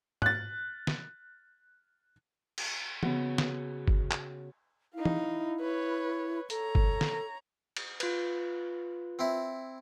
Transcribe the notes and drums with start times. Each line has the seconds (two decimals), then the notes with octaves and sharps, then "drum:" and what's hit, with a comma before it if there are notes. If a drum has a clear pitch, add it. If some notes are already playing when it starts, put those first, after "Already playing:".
0.22 F#6 A6, drum: tom G#2
0.87 drum: snare
2.58 drum: cymbal
3.03 C#3 B3 F#4, drum: tom
3.38 drum: snare
3.88 drum: kick
4.11 drum: clap
4.95 D#4 E4 F5
5.05 drum: tom
5.60 B4 C#5
6.50 A4 C#5 A#5, drum: hi-hat
6.75 drum: kick
7.01 drum: snare
7.77 drum: cymbal
8.00 F4 B4, drum: cymbal
9.19 C4 E4